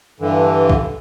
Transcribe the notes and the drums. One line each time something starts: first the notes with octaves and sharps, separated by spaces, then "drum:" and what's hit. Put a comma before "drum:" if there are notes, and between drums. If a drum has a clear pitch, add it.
G2 D3 E3
drum: kick B1